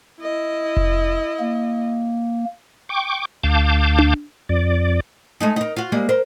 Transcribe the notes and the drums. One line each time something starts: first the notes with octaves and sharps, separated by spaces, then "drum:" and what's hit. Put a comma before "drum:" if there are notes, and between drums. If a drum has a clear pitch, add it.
E4 D#5
drum: kick F1
A#3
G5 C#6 D6
D2 F5 A5 D6 G6
drum: tom D4
F2 D5
G#3 A3 D#4
D#4 A#4
F4 F#4
G3 G#3 A#3
A#4 C5